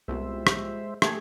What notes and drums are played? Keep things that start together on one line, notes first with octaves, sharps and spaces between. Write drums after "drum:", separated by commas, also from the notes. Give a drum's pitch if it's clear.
C2 A#2 G3 G#3 B3 C5 E5
drum: rim click
A3 A#3 G4 G#4 C#6 G#6, drum: rim click